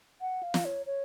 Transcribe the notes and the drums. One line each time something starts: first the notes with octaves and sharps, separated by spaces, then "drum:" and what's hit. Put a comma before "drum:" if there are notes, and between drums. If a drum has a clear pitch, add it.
F#5
F5
drum: snare
C#5
C#5